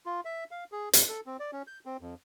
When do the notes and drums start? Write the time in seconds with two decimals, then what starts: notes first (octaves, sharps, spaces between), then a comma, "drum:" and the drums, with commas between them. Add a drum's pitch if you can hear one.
0.06 F4
0.25 E5
0.51 F5
0.72 G#4
0.93 F2, drum: hi-hat
1.08 A4
1.26 C4
1.40 D5
1.52 C#4
1.67 G6
1.86 C4
2.01 F2